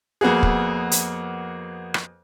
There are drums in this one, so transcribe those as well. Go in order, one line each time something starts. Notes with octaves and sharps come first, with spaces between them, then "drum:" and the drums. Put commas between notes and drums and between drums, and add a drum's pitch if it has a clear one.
F2 A#3 B3 F#4 G#4
drum: kick
drum: hi-hat
drum: rim click